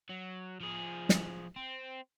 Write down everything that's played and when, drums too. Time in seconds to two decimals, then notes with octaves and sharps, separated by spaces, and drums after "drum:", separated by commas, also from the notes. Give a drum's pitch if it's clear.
0.10 F#3
0.60 F3 G#4
1.09 drum: snare
1.56 C4